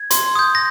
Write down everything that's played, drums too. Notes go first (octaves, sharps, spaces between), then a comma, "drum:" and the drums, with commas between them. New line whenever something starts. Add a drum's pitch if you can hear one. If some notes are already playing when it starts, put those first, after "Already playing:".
Already playing: G#6
C6, drum: hi-hat
D#6 G6
A#6